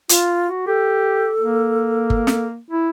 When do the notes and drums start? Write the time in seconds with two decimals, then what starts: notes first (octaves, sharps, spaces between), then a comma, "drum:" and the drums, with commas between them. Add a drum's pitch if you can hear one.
0.09 F4, drum: hi-hat
0.48 F#4
0.67 G4 A4
1.39 A#3
2.10 drum: kick G1
2.27 drum: snare
2.71 E4